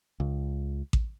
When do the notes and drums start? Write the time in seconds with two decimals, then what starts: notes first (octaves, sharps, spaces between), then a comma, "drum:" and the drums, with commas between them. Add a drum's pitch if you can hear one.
0.20 C#2
0.93 drum: kick A1